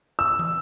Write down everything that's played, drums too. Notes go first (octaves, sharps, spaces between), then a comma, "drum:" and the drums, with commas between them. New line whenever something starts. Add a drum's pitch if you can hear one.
E6
drum: tom